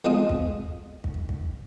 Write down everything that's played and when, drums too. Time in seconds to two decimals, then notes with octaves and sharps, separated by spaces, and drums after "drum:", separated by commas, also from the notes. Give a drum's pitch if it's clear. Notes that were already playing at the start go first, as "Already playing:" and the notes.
0.05 E2 F3 G#3 C4 D#6
0.29 drum: kick
1.04 drum: kick
1.29 drum: kick